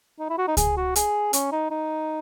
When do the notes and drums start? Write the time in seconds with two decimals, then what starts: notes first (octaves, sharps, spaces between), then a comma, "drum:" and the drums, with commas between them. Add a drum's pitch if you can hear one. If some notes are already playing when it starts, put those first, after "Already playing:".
0.19 D#4
0.30 E4
0.38 F#4
0.48 D#4
0.57 G#4, drum: kick C#2, hi-hat
0.77 F#4
0.96 G#4, drum: hi-hat
1.33 C#4, drum: hi-hat
1.52 D#4
1.71 D#4